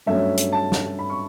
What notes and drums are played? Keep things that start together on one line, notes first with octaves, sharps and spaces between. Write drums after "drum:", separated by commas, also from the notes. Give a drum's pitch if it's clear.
G2 F#3 A3 C#4 E5
drum: hi-hat
A5
drum: snare
B5
C#6